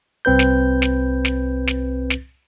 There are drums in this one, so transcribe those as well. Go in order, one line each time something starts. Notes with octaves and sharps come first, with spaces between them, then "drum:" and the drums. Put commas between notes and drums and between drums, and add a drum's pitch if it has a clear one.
C2 C4 B4 G6
drum: snare
drum: snare
drum: snare
drum: snare
drum: snare